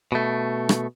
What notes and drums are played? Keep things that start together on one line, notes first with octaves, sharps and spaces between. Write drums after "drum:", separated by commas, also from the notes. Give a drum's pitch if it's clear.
B2 A3
drum: rim click